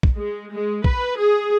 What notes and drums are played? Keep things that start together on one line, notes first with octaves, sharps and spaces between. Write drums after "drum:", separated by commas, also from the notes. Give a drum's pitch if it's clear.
drum: kick
G#3
G#3
B4, drum: kick
G#4